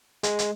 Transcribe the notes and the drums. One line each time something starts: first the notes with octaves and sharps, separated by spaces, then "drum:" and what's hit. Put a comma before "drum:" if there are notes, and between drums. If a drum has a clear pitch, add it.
G#3, drum: hi-hat
drum: hi-hat